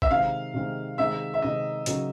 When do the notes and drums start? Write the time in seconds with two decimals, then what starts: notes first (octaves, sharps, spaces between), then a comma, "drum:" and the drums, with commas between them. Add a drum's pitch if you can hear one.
0.02 E5, drum: kick G#1
0.10 C3 D#3 G#3 F5
0.54 C3 D#3 G#3
0.98 C3 D#3 G#3 E5
1.34 E5
1.42 C3 D#3 G#3 D#5
1.86 C#3 F#3 A#3 D#4, drum: hi-hat